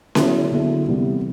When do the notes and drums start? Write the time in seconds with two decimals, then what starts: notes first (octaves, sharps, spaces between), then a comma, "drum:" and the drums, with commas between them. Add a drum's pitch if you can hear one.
0.15 D3 F#3 B3 E4 G#4, drum: snare C#4
0.51 D3 F#3 B3 E4 G#4
0.88 C3 E3 G3 B3 E4